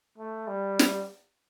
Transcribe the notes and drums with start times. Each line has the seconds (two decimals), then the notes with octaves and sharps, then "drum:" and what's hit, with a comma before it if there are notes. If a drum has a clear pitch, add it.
0.18 A3
0.48 G3
0.79 drum: snare